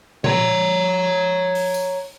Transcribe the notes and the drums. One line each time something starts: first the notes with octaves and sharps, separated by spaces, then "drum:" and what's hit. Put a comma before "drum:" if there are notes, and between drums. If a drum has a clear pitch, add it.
C#5 A#5, drum: tom A#2
drum: open hi-hat
drum: tambourine